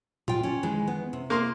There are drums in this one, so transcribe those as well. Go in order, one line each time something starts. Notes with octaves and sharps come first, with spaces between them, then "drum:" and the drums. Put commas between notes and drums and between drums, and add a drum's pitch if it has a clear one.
F4 G5, drum: tom A2
C#4
D#3 E3 G#3
B3
C3
A#3 C6